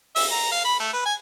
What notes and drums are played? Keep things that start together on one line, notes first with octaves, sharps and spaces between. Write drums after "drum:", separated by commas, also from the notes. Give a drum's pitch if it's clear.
E5, drum: open hi-hat
A#5
F5
B5
A3
B4
G#5